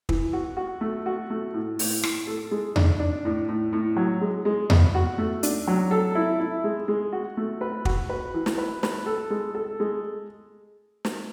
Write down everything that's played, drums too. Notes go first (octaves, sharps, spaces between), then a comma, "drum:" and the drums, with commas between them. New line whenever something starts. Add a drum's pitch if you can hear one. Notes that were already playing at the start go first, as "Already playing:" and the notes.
E3, drum: kick
F#4
F#4
A3
F#4
A3
A2
A2, drum: open hi-hat
A2, drum: rim click
A4
G#3
D4, drum: tom E2
D4
A2
A2
A2
F#3
G#3
G#3
B3, drum: tom E2
F#4
A3
D4, drum: hi-hat
F#3
A4
E4
E4
G#3
G#3
F#4
A3
B4
F#4, drum: kick
B4
E3
drum: snare
B4
B4, drum: snare
A4
G#3
A4
G#3
drum: snare